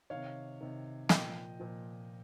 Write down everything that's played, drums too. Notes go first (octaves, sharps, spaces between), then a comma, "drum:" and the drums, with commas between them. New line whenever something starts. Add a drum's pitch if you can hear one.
C3 D#3 C#5 F5
C3 D#3
A#2 F3 D#5 G5, drum: snare
A#2 F3